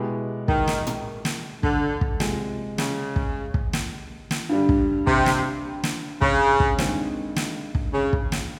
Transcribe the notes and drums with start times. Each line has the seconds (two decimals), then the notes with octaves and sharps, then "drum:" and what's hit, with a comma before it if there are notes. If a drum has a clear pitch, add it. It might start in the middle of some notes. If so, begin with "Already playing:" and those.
Already playing: B2 G#3 B3 E4 G4
0.48 D#3, drum: kick
0.67 drum: snare
0.87 drum: tom
1.25 drum: snare
1.63 D3, drum: kick
2.01 drum: kick
2.20 C3 F3 G#3, drum: snare
2.78 C#3, drum: snare
3.16 drum: kick
3.54 drum: kick
3.73 drum: snare
4.31 drum: snare
4.49 G2 D3 G3
4.69 drum: kick
5.07 C3, drum: kick
5.26 drum: snare
5.84 drum: snare
6.22 C#3, drum: kick
6.60 drum: kick
6.78 G2 D#3 G#3 C4, drum: snare
7.36 drum: snare
7.75 drum: kick
7.94 C#3
8.13 drum: kick
8.32 drum: snare